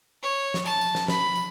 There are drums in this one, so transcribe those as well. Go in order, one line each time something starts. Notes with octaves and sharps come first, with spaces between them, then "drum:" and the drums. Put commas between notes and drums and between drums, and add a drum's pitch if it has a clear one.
C#5
drum: snare
A5, drum: tambourine
drum: tambourine
drum: snare
B5, drum: snare
drum: tambourine